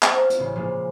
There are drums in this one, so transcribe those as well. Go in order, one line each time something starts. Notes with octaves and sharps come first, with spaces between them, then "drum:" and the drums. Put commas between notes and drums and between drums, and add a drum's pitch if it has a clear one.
C5 F5, drum: clap
drum: hi-hat
A1 C#3
A#2 F3 G#3 A#3